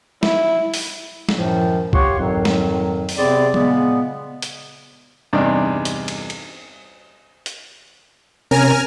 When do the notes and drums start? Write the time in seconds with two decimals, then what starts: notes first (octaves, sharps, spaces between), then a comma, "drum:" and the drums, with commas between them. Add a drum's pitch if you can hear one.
0.23 E4, drum: snare
0.74 drum: open hi-hat
1.29 drum: snare
1.38 F#2 A2 D#3 F3
1.93 F4 G4 C#5 F#5 C6 C#6, drum: kick C2
2.19 F2 G#2 D#3 F#3
2.45 drum: snare
3.09 drum: open hi-hat
3.18 C3 B3 C4 G#4 D5
3.54 A#2 C#3 G#3 B3, drum: tom
4.42 drum: hi-hat
5.33 E2 G2 C3 D4 D#4
5.85 drum: hi-hat
6.08 drum: cymbal
6.30 drum: cymbal
7.46 drum: hi-hat
8.51 C3 C#4 A#4 G#5 A#5 F6